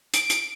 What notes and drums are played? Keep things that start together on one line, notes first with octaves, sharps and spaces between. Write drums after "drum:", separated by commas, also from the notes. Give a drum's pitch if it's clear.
D7, drum: hi-hat
drum: hi-hat